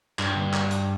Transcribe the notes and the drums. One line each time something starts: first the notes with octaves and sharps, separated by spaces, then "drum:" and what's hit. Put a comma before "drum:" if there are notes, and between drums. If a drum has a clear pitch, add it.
G2, drum: clap
drum: tom D3
drum: clap
drum: hi-hat